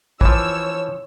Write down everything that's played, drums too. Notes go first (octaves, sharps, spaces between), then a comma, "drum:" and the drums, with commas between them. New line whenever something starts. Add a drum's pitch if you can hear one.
E3 F3 C#5 E6, drum: kick